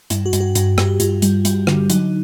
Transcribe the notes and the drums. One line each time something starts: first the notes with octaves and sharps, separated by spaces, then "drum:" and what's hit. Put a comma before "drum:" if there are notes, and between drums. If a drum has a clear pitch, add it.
G2 E4, drum: hi-hat
F#4
G2, drum: hi-hat
F#4
G2 F#4, drum: hi-hat
G2 G4, drum: rim click
G2 F4, drum: hi-hat
G3, drum: hi-hat
G3, drum: hi-hat
D3, drum: rim click
F#3 D#4, drum: hi-hat